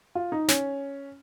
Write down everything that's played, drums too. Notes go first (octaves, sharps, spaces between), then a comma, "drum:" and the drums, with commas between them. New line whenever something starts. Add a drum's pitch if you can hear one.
F4
D#4
C#4, drum: snare